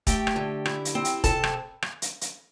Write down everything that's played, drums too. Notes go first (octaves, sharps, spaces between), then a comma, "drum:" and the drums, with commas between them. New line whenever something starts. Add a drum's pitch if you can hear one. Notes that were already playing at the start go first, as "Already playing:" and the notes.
A3 G4 G5, drum: kick, hi-hat
drum: rim click
D3
E4, drum: rim click
drum: hi-hat
C4
drum: hi-hat
C3 A4 A5, drum: kick, hi-hat
drum: rim click
drum: rim click
drum: hi-hat
drum: hi-hat